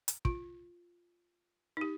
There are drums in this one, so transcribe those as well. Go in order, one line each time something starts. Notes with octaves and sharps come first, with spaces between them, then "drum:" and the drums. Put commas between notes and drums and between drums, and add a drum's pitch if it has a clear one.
drum: hi-hat
F4, drum: kick
D#4 G4